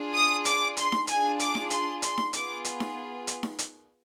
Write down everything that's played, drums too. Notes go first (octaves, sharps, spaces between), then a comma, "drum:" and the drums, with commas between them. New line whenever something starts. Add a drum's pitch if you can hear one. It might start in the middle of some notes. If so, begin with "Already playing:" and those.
Already playing: D4 F4 G#4
D#6
D6, drum: hi-hat
C6, drum: hi-hat
drum: snare D#4
D4 F4 G#4 G#5, drum: hi-hat
D6, drum: hi-hat
drum: snare D#4
C6, drum: hi-hat
C6, drum: hi-hat
drum: snare D#4
B3 F4 G#4 D6, drum: hi-hat
drum: hi-hat
drum: snare D#4
drum: hi-hat
drum: snare D#4
drum: hi-hat